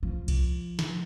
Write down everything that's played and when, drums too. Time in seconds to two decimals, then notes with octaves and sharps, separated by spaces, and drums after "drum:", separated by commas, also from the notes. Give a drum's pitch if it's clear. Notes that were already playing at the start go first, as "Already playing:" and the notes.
0.03 F3
0.28 drum: kick C2, cymbal
0.79 drum: snare